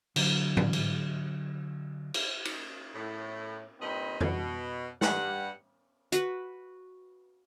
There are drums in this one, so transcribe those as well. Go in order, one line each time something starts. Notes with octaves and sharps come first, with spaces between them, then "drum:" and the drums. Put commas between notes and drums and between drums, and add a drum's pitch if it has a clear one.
D3 F#3, drum: cymbal
drum: tom G#2
drum: cymbal
drum: cymbal
drum: cymbal
A2
G2 A#2 C4 D#4 D#5 B5
B2, drum: tom F2
G2 G3 F#5, drum: snare
F#4 B4, drum: hi-hat